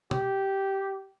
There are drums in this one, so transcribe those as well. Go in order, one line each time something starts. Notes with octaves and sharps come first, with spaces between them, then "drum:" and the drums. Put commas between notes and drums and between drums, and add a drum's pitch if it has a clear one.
G4, drum: tom